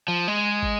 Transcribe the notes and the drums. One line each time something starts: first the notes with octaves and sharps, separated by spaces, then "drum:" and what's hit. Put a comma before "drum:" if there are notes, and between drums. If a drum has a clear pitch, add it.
F3
G#3
drum: kick